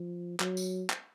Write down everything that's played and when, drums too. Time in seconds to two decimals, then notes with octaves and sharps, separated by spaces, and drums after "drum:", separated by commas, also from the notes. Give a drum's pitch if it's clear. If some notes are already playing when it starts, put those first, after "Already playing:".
Already playing: F3
0.40 F#3, drum: clap
0.57 drum: tambourine
0.90 drum: clap